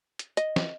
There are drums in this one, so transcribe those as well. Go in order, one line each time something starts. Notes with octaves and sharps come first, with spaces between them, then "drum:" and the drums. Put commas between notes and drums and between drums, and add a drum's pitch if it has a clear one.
drum: hi-hat
D#5, drum: hi-hat
drum: snare